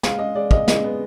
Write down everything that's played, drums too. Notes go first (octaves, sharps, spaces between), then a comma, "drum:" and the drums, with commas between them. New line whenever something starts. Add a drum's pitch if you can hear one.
G#3 F5, drum: snare
G#3 D#5
G#3 D5
G#3 D#5, drum: kick
G#3 D#5, drum: snare
B3